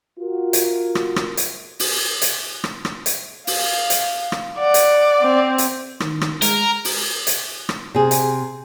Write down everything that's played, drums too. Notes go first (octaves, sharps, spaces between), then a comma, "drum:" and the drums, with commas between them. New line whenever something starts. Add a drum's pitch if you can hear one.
F4 F#4 A#4
drum: hi-hat
drum: rim click
drum: rim click
drum: hi-hat
drum: open hi-hat
drum: hi-hat
drum: rim click
drum: rim click
drum: hi-hat
F5, drum: open hi-hat
drum: hi-hat
drum: rim click
D5 F#5
drum: hi-hat
C4
drum: hi-hat
D#3, drum: rim click
drum: rim click
G#3 A#4, drum: hi-hat
drum: open hi-hat
drum: hi-hat
drum: rim click
C3 G#4
drum: hi-hat